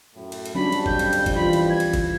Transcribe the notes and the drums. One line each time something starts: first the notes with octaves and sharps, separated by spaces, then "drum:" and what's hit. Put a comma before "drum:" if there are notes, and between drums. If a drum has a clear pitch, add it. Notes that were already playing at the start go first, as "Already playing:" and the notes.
F#2 A2
drum: cymbal
drum: cymbal
F2 F#3 G3 C#4 D4 B5
drum: cymbal
G6, drum: kick
drum: cymbal
drum: cymbal
drum: kick, cymbal
E3 F4 B5
drum: cymbal
G#6
drum: cymbal
drum: kick, cymbal